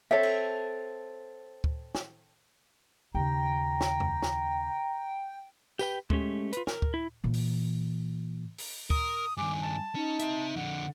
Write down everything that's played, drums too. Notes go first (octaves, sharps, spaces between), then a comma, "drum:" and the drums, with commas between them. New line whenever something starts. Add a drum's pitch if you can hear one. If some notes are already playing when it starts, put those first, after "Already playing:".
C4 A4 C#5 E5
drum: cymbal
drum: kick
drum: snare
D#2 C#3 G5 A#5
drum: snare
drum: tom F2
drum: snare
G4 B4 G5, drum: tambourine
G#3 A3 C#4 G4, drum: kick
F4 B4, drum: hi-hat
A#4, drum: snare
drum: kick
E4
A#2 E3
drum: open hi-hat
drum: open hi-hat
A#4 D#6, drum: kick
G2 D#3 G#5 D6
A5
C#4 D#4
C4 E5, drum: hi-hat
F2 D3 F#5